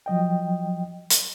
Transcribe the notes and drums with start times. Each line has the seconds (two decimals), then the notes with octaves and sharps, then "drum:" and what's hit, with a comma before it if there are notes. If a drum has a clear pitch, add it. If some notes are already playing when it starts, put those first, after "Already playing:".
0.06 F3 F#3 D#5 G5
1.10 drum: hi-hat